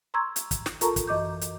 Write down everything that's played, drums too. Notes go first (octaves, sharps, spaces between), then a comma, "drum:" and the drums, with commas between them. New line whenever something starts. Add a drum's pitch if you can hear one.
A#5 C6 C#6 E6 G#6
drum: hi-hat
drum: kick, hi-hat
drum: snare
F4 A4 A#4 A5 A#5 C#6, drum: hi-hat
drum: kick, hi-hat
F#2 E3 D#5 D6 G6
drum: hi-hat